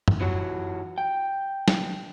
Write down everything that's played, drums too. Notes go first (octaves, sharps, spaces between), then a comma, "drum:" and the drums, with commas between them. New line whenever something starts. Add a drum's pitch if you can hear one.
drum: tom F#2
E3 F#3 F#4
G5
drum: snare